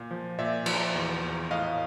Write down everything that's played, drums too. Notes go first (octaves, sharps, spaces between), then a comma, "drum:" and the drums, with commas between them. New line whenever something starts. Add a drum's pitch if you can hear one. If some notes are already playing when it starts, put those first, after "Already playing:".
Already playing: A#2
F3
A#2 D5 E5
F3, drum: cymbal
E2
E2
A2 D#5 F5